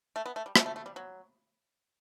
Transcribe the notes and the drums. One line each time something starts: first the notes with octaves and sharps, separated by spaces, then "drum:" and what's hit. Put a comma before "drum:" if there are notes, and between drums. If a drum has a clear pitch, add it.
A3
B3
A3
G3
A3, drum: rim click
A3
A3
G3
F#3